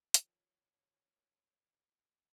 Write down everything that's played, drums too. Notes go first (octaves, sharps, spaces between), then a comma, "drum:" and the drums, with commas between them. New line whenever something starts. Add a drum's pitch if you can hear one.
D#3 F3 C#5, drum: hi-hat